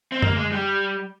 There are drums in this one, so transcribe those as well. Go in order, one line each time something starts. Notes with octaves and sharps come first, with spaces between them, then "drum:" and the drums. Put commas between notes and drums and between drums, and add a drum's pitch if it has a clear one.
C4
A#3, drum: tom F#2
G#3
G3